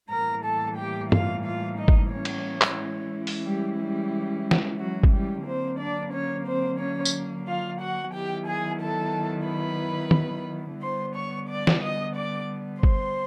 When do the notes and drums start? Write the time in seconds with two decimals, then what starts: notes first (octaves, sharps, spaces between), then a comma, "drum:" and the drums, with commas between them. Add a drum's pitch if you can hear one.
0.11 A2 E3 G3 A#3 A#4 A#5
0.45 A4 A5
0.78 G4 G5
1.12 F4 F5, drum: tom G2
1.46 F4 F5
1.79 D#4 D#5
1.88 drum: kick G1
2.12 C#4 C#5
2.25 drum: cymbal
2.61 drum: clap
2.80 E3 G#3 C#4 E4
3.27 drum: open hi-hat
3.46 G3 G4
3.80 G3 G4
4.51 drum: snare
4.80 F#3 F#4
5.03 drum: kick G1
5.13 G3 G4
5.47 D3 F#3 A#3 C4 C5
5.81 D4 D5
6.14 C#4 C#5
6.47 C4 C5
6.81 C#4 C#5
7.05 drum: tambourine
7.48 F4 F5
7.81 F#4 F#5
8.15 D#3 F#3 B3 E4 G4 G5
8.48 G#4 G#5
8.82 A4 A5
9.49 B4 B5
10.11 drum: tom D#3
10.82 D3 G3 B3 C5 C6
11.16 C#5 C#6
11.50 D5 D6
11.67 drum: snare
11.83 D#5 D#6
12.16 D5 D6
12.83 C5 C6, drum: kick G1